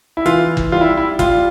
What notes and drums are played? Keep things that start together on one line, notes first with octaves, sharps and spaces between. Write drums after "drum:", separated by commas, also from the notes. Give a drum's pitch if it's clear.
E4
E3 F4, drum: hi-hat
drum: kick
G3 F4
E4
E4
G3 F4, drum: kick, hi-hat